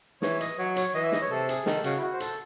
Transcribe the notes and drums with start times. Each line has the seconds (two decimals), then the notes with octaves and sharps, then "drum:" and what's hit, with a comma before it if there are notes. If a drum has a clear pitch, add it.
0.22 E3 C#5, drum: snare
0.40 D#5, drum: hi-hat
0.58 F#3 C#5
0.76 C#5, drum: hi-hat
0.95 E3 D#5
1.03 E5
1.12 D#5, drum: snare
1.21 C#5
1.30 C3 A4
1.49 G#4, drum: hi-hat
1.66 D#3 A4, drum: snare
1.84 C#3 F#4, drum: hi-hat
1.97 E4
2.02 F#4
2.13 C5
2.20 A4, drum: hi-hat